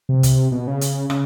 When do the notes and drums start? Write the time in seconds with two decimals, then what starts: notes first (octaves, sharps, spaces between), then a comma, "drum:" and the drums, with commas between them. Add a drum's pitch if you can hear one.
0.09 C3
0.23 drum: kick, hi-hat
0.52 B2
0.67 C#3
0.81 drum: hi-hat
1.10 C#3, drum: rim click